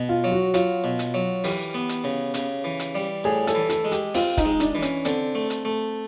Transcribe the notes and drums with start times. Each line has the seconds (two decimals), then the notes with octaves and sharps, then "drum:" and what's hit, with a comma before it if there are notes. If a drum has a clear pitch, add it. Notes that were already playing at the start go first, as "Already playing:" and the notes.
Already playing: B2
0.09 F4
0.24 F#3
0.32 F#4
0.54 F#3 F4, drum: hi-hat
0.84 B2
0.99 drum: hi-hat
1.14 F#3
1.44 E3 G4, drum: open hi-hat
1.74 B3
1.89 drum: hi-hat
2.04 C#3
2.34 C#3, drum: hi-hat
2.64 E3
2.79 drum: hi-hat
2.95 G3
3.24 A2 G#4
3.47 A4, drum: hi-hat
3.55 E3
3.70 A4, drum: hi-hat
3.85 G#3
3.92 G4, drum: hi-hat
4.15 C4 F4, drum: open hi-hat
4.37 D#4, drum: kick, hi-hat
4.45 G#3
4.60 D4, drum: hi-hat
4.75 E3
4.82 C#4, drum: hi-hat
5.05 D3 C4, drum: hi-hat
5.35 A3
5.50 drum: hi-hat
5.65 A3